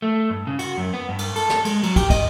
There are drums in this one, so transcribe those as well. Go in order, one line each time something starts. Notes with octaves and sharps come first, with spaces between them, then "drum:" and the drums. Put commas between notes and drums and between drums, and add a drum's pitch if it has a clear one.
A3
G2
C#3
F#4, drum: cymbal
F#2
B3
G2
drum: cymbal
A4, drum: cymbal
drum: snare
G#3, drum: cymbal
F#3, drum: cymbal
G4, drum: kick, cymbal
D#5, drum: kick, cymbal